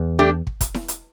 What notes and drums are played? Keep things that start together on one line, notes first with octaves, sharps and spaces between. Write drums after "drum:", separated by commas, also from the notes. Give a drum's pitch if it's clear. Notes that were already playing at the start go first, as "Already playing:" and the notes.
Already playing: E2
A3 D4 G4
drum: kick
drum: kick, hi-hat
drum: snare E4
drum: hi-hat